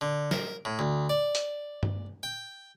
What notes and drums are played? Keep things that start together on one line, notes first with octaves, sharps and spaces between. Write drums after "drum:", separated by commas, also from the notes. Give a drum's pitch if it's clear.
D3
A#4, drum: snare
A2
D2
D5
drum: hi-hat
drum: tom G2
G5